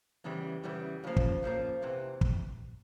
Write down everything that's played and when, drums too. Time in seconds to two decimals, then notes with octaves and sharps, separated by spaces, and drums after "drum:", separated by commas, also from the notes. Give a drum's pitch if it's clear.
0.24 E2 C#3 E3 G3
0.64 E2 C#3 E3 G3
1.04 C#2 C#3 F3 A#3
1.16 drum: kick
1.43 C#2 C#3 F3 A#3
1.82 E2 C3 E3
2.21 drum: kick